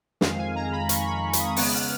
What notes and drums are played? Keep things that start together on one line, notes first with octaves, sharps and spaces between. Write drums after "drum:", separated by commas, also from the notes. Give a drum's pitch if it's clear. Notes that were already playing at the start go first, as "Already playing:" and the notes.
F2 D#3 G#3 F5, drum: snare
G#5
A#5
B5
C#6, drum: hi-hat
B5
C#6, drum: hi-hat
D#6
C#3 G#3 B3 F#6, drum: open hi-hat
F6